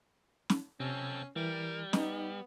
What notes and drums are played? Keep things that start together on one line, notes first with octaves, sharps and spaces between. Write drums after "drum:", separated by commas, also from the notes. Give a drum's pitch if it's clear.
drum: snare
C3 C4 C#4 A4
E3 G3 A#4
B3 D#4, drum: snare